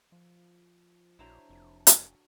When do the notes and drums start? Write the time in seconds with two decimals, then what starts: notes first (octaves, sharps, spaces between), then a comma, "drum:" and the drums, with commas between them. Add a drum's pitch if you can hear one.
0.12 F3
1.19 A#1 D3 F#3 E4 C5 A#5
1.49 F1 F2
1.87 drum: hi-hat